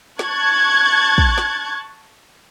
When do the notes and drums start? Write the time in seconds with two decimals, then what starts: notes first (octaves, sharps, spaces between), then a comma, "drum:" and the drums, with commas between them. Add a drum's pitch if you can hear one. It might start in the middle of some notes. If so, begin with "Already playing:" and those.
0.19 A5 C#6 F#6 G#6 A6, drum: snare
1.18 drum: kick
1.38 drum: snare